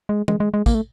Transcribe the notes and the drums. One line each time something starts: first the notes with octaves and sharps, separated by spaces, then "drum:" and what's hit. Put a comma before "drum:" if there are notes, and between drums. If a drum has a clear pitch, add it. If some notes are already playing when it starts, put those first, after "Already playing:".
G#3
G#3, drum: tom E3
G#3
G#3
A#3, drum: kick, tambourine
A3